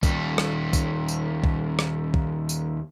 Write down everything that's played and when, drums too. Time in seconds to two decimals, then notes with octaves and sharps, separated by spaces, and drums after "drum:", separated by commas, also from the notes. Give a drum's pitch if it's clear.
0.03 D#2 G3, drum: kick, tambourine
0.38 drum: rim click
0.73 drum: kick, tambourine
1.08 drum: tambourine
1.44 drum: kick
1.79 drum: rim click
2.14 drum: kick
2.49 drum: tambourine